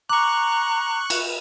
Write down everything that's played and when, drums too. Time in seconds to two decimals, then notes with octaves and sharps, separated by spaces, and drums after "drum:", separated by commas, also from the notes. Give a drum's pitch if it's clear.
0.09 A#5 C#6 D6 F#6
1.10 drum: cymbal